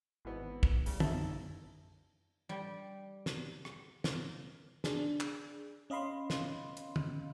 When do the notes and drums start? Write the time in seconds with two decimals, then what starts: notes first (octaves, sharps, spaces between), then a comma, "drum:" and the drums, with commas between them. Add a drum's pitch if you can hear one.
0.25 G#1 B2 E3 B3
0.63 drum: kick
0.86 C#3 G3, drum: open hi-hat
1.00 F#2 D#4 E4 A5, drum: tom
2.49 G3 G5
3.26 drum: snare
3.65 drum: rim click
4.04 drum: snare
4.84 D4 G#4, drum: snare
5.20 drum: clap
5.90 C#4 D#5 F5 B5 C6
6.30 drum: snare
6.77 drum: hi-hat
6.96 drum: tom